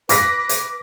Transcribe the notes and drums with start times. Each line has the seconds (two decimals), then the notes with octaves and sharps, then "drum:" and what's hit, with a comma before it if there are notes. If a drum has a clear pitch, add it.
0.09 B4 D6 A#6 B6, drum: hi-hat
0.49 drum: hi-hat